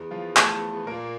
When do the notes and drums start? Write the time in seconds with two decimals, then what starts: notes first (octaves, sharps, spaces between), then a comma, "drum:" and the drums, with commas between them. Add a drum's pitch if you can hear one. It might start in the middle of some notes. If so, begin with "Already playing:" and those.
Already playing: E2
0.11 F3 F4
0.37 A3 A4, drum: clap
0.87 A#2 A#3 A#4